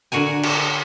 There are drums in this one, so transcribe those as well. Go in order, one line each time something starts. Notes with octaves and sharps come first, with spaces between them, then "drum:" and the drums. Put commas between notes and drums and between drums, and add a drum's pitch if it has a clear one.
D3 F#4 A#4 G#5
drum: cymbal